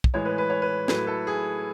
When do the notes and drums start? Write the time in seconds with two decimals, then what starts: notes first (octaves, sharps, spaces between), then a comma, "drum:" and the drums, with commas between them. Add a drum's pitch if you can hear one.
0.04 drum: kick
0.14 A2 E3 G#3 C#5
0.25 B4
0.38 B4
0.50 C#5
0.62 B4
0.88 A2 F#3 A3 B4, drum: snare
1.07 A4
1.27 G#4